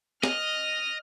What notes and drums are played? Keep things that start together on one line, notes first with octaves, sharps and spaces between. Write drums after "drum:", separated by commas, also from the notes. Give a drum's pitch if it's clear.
D#5 F6, drum: snare